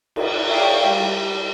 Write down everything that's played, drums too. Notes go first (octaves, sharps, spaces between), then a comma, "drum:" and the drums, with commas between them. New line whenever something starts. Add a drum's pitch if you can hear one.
drum: cymbal
G#4 C#5 D5 E5 F5 G5
G3